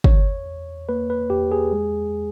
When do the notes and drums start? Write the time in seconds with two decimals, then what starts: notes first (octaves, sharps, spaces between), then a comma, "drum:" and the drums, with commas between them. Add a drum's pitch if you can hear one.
0.04 E2 C#5, drum: kick
0.46 E2
0.89 A#3 B4
1.10 B4
1.30 E2 G4
1.52 G#4
1.72 G#3